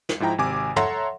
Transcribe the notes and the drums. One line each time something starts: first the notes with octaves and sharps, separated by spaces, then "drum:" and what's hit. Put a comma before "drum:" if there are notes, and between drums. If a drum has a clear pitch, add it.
drum: snare
G#2 F3 E4 G5 A#5
G#1 C3 G#5 D6
A4 C#5 E5 F#5 A#5 C6, drum: tom